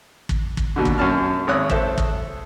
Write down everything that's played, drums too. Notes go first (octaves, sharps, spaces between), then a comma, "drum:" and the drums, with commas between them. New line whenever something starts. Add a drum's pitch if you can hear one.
drum: kick
drum: kick
D#2 B2 D3
drum: kick
F#2 C#4 A5 F6
G#1 C#5 D#6 F#6
A4 C5 E5, drum: kick
drum: kick